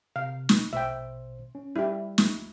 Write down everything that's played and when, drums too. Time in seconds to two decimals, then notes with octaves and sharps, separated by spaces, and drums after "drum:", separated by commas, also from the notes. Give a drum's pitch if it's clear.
0.16 C3 F5
0.49 drum: snare
0.73 A#1 B2 C5 E5 G5
1.55 C#4
1.76 G3 E4 G4
2.18 drum: snare